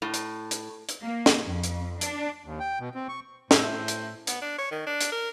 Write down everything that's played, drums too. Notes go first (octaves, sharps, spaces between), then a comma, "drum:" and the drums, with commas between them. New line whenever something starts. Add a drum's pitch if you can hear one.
A2
drum: hi-hat
drum: hi-hat
drum: hi-hat
A#3
drum: snare
F2
drum: hi-hat
D4, drum: hi-hat
D#2
G5
B2
C4
C#6
A2 C5 E5, drum: snare
drum: hi-hat
B3, drum: hi-hat
D4
C#5
D#3
D4
drum: hi-hat
A#4